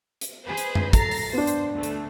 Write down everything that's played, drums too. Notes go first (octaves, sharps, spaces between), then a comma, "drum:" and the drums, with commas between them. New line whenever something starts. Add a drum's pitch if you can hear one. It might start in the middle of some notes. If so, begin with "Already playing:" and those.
drum: hi-hat
G#4 B4 C5
drum: hi-hat
drum: tom F#2
A4 A#5 A6 C7, drum: kick, hi-hat
drum: open hi-hat
B3 D4 C5
drum: hi-hat
D2 A3
drum: hi-hat